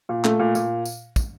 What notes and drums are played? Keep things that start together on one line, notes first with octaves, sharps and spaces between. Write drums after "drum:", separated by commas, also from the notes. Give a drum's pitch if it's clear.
A#2
A3, drum: clap
A#2
A#2, drum: tambourine
drum: tambourine
drum: kick, tambourine